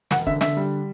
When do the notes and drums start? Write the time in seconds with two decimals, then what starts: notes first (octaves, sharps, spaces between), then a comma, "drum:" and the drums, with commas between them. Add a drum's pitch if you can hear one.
0.11 E1 F#5, drum: snare
0.27 D3 E5, drum: kick
0.41 D3 E5, drum: snare
0.57 G3